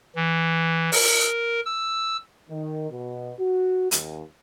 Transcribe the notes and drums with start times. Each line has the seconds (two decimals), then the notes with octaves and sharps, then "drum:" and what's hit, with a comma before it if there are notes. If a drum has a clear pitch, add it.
0.16 E3
0.92 A#4, drum: open hi-hat
1.66 E6
2.50 D#3
2.91 B2
3.39 F#4
3.91 D#2, drum: hi-hat